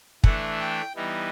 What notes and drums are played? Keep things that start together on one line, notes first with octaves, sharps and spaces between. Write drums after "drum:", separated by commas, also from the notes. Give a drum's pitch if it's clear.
E3 A3 D4 F#5, drum: kick
G5
E3 G3 B3 D#4